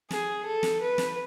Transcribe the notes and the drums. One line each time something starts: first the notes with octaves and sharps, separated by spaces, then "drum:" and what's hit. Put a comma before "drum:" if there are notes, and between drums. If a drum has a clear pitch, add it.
G#4, drum: snare
A4
drum: snare
B4
drum: snare